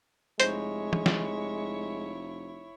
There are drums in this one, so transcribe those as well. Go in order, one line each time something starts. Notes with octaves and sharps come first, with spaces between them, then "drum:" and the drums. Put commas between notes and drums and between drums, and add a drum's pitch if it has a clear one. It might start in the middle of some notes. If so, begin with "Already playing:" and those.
F1 G#3 E4 C5 C#5, drum: hi-hat
drum: tom
drum: snare